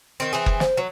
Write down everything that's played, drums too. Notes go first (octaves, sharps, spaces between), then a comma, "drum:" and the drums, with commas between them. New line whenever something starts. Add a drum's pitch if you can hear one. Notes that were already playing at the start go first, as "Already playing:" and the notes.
D#3 C4
E3 C4 G#4
drum: kick F#1
C5, drum: snare
F#3